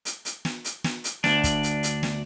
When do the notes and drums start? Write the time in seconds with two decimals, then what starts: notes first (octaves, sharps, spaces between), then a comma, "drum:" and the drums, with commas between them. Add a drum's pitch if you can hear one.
0.05 drum: hi-hat
0.25 drum: hi-hat
0.45 drum: snare
0.65 drum: hi-hat
0.84 drum: snare
1.04 drum: hi-hat
1.24 D2 D4, drum: snare
1.44 drum: kick, hi-hat
1.63 drum: hi-hat
1.83 drum: hi-hat
2.03 drum: snare